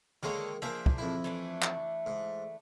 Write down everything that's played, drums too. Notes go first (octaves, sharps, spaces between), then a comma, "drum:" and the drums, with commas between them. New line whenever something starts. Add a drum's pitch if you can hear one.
D3 D#3 G#3 A#3 A4 C#5
F3 A#3 D4 G#4 E5
drum: kick
F2 E4
E3 A3 D4
drum: clap
G#2